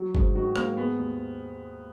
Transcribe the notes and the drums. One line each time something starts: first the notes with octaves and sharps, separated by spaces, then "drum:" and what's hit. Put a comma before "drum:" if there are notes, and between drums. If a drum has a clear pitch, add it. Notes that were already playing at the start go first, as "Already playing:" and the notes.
Already playing: F#3
G#2, drum: kick G1
D#3 F#4
G#2 A#3, drum: rim click
G#3 B3
D#2